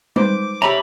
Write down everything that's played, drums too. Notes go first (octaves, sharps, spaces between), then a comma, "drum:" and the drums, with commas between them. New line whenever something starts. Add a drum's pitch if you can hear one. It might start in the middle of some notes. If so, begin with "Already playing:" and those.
D#4 B4 C5 D6, drum: tom G3
A3 C#4 G4 E5 A#5 B5